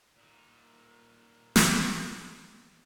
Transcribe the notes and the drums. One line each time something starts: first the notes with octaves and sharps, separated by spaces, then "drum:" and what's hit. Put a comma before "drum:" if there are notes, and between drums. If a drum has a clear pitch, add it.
A#2 D#4
drum: snare